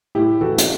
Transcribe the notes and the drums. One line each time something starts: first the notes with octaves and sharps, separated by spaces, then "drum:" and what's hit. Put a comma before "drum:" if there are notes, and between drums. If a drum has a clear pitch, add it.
A2 E4 G4
E3 F#4 A4
drum: hi-hat